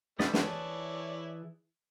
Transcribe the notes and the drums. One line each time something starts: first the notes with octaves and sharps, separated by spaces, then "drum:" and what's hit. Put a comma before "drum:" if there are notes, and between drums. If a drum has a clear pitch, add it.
G3 A3 B3 C4 D5 D#6, drum: snare
E3 E4 G#4 C#5 D5 A5, drum: snare